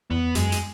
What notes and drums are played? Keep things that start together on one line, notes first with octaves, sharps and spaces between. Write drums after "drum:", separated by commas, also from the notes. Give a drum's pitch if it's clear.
E2 B3
F#2 G#3, drum: hi-hat
drum: hi-hat